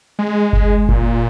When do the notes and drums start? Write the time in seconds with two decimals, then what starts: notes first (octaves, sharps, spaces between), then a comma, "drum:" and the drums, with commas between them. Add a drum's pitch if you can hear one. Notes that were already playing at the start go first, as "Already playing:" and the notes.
0.19 G#3
0.53 drum: kick F#1
0.89 A#2, drum: kick F#1